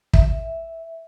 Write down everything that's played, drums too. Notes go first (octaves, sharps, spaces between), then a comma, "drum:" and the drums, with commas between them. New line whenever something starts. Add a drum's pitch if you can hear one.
E5, drum: kick